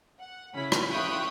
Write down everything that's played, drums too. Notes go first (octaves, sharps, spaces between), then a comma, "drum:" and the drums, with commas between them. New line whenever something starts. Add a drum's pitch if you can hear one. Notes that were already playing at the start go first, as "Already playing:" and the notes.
F#5
C#3 C#4 E4 B5 B6
drum: rim click
E5 F5 G5 C#6 D#6 F#6